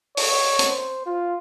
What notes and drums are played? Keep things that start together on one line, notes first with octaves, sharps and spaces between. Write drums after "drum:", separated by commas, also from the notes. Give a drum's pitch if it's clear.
C#5, drum: open hi-hat
drum: hi-hat
C5
F4